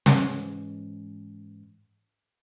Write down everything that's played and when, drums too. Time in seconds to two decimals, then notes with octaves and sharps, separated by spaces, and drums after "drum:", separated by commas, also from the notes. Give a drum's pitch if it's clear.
0.06 G#2 E3 G#3 C#4, drum: snare